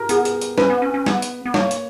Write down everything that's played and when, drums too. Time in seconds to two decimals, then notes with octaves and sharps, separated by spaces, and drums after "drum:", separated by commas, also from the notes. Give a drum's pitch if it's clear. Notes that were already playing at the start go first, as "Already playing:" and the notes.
Already playing: G4 A#4
0.09 B3 G#4, drum: hi-hat
0.25 drum: hi-hat
0.41 drum: hi-hat
0.58 C#4 B4, drum: snare
0.70 B3
0.82 C#4
0.94 C#4
1.06 B3, drum: snare
1.22 drum: hi-hat
1.46 B3
1.54 A#3 C#5, drum: snare
1.71 drum: hi-hat